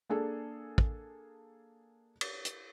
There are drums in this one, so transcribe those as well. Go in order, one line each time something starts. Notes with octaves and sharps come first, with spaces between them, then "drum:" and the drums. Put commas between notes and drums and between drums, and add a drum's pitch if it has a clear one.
A#3 D4 G#4 A4
drum: kick
drum: cymbal
drum: hi-hat